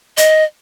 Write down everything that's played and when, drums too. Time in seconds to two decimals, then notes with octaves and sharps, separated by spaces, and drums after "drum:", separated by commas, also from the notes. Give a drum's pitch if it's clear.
0.17 D#5, drum: hi-hat